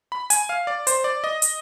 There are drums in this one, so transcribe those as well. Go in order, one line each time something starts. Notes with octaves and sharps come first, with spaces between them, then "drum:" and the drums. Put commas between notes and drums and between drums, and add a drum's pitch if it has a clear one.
B5
G#5, drum: hi-hat
F5
D5
C5, drum: hi-hat
D5
D#5
drum: hi-hat